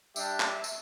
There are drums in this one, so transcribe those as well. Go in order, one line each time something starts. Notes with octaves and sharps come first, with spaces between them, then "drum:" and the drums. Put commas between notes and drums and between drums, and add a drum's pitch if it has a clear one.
G3 D4 G4 E5, drum: tambourine
drum: clap
drum: tambourine